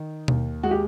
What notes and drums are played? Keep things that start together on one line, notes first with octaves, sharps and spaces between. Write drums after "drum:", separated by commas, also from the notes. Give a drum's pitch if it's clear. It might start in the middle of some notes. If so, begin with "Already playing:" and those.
Already playing: D#3
D#2, drum: tom B2
G#3 F#4
G4